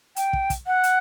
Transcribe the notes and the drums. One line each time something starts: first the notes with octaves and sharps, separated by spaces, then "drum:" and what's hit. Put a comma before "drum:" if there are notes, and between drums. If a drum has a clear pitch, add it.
G5, drum: hi-hat
drum: kick
drum: kick, hi-hat
F#5
drum: hi-hat